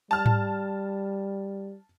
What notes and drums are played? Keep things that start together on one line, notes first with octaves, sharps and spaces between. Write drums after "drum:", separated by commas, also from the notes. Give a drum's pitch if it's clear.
G3 A5 F6
drum: tom G#2